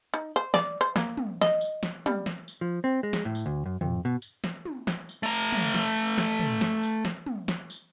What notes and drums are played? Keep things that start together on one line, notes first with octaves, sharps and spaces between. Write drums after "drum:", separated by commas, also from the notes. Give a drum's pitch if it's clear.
D#4
C5
D5, drum: snare
C5
A#3, drum: snare
drum: tom
D#5, drum: snare
drum: tambourine
drum: snare
G3, drum: tom
drum: snare
drum: tambourine
F3
C4
G#3
drum: snare
A2
drum: tambourine
D2
F#2
F2, drum: tom
B2
drum: tambourine
drum: snare
drum: tom
drum: snare
drum: tambourine
A3 A#5
drum: tom
drum: snare
drum: snare
drum: tom
drum: snare
drum: tambourine
drum: snare
drum: tom
drum: snare
drum: tambourine